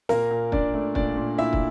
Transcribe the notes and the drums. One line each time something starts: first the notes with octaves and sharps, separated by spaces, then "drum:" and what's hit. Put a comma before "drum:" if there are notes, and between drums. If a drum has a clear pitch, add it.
A#2 A#3 A#4, drum: snare
A#2
A#2 D4 D5, drum: kick
A3
A#2 D4 D5, drum: kick
A#2
A#2 E4 E5
drum: kick